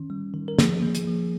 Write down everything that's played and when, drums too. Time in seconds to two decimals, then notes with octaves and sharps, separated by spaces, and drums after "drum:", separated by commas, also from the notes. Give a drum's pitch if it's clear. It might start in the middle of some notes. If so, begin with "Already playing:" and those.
Already playing: D#3 C#4
0.10 G3
0.34 D#3
0.48 A#4
0.59 F3 G#4, drum: snare
0.83 A#3
0.95 drum: hi-hat
1.07 F3